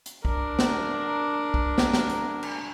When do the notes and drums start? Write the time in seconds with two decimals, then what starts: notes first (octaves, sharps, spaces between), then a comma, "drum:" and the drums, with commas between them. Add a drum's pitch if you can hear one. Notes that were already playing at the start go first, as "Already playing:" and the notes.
0.06 drum: hi-hat
0.25 D4 A#4, drum: kick
0.59 drum: snare
1.54 drum: kick
1.78 drum: snare
1.93 drum: snare
2.09 drum: tambourine
2.43 drum: cymbal